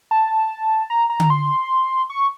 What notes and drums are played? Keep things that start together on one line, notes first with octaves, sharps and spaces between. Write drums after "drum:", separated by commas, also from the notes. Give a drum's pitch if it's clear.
A5
A#5
A#5
drum: tom D3
C6
C#6